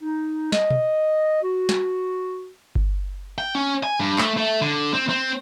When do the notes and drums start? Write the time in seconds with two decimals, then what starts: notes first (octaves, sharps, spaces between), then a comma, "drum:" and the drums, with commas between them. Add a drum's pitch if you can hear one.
0.02 D#4
0.52 D#5, drum: snare
0.70 drum: tom B2
1.42 F#4
1.69 drum: snare
2.75 drum: kick G1
3.38 G5
3.55 C#4
3.83 G#5
4.00 G2
4.18 A3, drum: clap
4.37 A3
4.62 D3
4.93 C4
5.09 C4